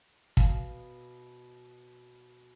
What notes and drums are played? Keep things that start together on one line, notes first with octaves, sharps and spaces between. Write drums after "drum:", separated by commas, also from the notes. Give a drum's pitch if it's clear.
B2 F5, drum: kick